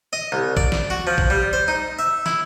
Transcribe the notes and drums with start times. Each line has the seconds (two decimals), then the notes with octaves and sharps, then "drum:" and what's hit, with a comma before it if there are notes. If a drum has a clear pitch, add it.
0.13 D#5
0.32 C2
0.57 D5, drum: kick
0.72 drum: snare
0.90 F#4
1.07 F3
1.18 drum: kick
1.30 G3
1.53 C5
1.68 D#4
1.99 E5
2.26 E4, drum: snare